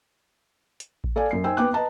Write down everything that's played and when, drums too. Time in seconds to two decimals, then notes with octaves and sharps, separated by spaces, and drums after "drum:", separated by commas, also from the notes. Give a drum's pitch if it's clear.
0.80 drum: hi-hat
1.04 drum: kick A1
1.16 A4 D5 F5 G#5
1.31 F#2 C7
1.44 D#4 C5 G5 G#5 E6
1.57 B3 G5 D6 F#6
1.73 B4 D#5 A5 A#5